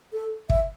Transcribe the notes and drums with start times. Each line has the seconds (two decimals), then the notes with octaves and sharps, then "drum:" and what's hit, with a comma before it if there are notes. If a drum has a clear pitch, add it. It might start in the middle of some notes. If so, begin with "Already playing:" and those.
0.13 A4
0.50 E5, drum: kick